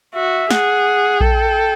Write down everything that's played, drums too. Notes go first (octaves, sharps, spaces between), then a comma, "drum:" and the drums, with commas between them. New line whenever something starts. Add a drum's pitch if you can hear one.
F#4 E5
G#4 F#5, drum: snare
A4 G5, drum: kick A#1